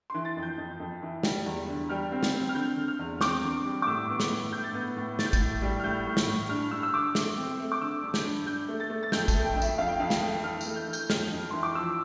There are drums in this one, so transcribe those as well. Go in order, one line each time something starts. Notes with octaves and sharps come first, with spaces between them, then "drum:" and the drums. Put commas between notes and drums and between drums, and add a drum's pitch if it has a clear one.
E3 C6
A6
F2
G6
F2
F2
E3
G3, drum: snare
E2
D3
G3 F6
C4
drum: snare
C4
F6
D3 G6
D3
F6
E2
C4 D6, drum: snare
D3
G3
D6
A2 E6
B3
drum: snare
A2
A2 G6
A6
B3 G6
A2
A2 A6, drum: snare
G6
A6, drum: kick A1, tambourine
A2
G3
F6
A2 G6
A2
drum: snare
A2
G2 F6
G2 E6
E6
D3 D6
A3, drum: snare
C4
A3
D6
D3 E6
G2
G6, drum: snare
G2
G2 G6
A3
A6
A3
A6
F2 G6, drum: snare
A5, drum: kick A1, tambourine
A3
G5
F2
E5, drum: tambourine
F2 F5
G5
F2 F5
G5, drum: snare
A3
E3 F6
A3 F6, drum: tambourine
G6
E3
G6, drum: tambourine
F2 F6, drum: snare
F2
E3 C6
D6
F3 E6